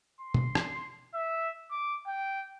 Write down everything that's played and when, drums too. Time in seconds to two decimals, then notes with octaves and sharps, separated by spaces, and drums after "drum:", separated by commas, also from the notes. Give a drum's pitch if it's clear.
0.21 C6
0.34 drum: tom
0.55 drum: rim click
1.14 E5
1.71 D6
2.07 G5